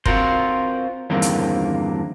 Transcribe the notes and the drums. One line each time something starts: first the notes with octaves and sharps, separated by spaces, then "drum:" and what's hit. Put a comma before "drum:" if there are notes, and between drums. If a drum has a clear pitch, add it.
C4 F4 F#4 A#4 C5, drum: kick
E2 G2 D3 D#3 A#3 C4
drum: hi-hat